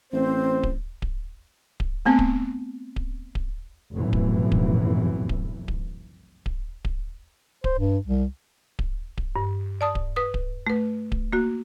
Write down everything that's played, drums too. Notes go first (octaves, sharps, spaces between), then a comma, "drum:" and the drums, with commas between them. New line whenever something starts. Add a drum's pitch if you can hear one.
A1 C4 C5
drum: kick D1
drum: kick D1
drum: kick D1
A3 B3 C4
drum: kick D1
drum: kick D1
drum: kick D1
F1 B1 F#2 A2 E3
drum: kick D1
drum: kick D1
drum: kick D1
drum: kick D1
drum: kick D1
drum: kick D1
C5, drum: kick D1
G2
C2
drum: kick D1
drum: kick D1
G2
D5 A5 D#6
drum: kick D1
B4 D#6
drum: kick D1
A3 B4
drum: kick D1
A#3 F#4